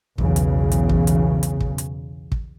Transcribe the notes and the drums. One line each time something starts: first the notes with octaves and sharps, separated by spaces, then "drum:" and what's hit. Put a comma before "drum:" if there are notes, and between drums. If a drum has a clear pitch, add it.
B1 E2 C#3, drum: kick
drum: hi-hat
drum: hi-hat
drum: kick
drum: hi-hat
drum: hi-hat
drum: kick
drum: hi-hat
drum: kick